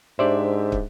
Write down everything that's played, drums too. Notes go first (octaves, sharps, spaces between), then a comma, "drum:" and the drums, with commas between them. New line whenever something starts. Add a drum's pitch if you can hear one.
G#2 D4 G4 C5 D5 E5
drum: kick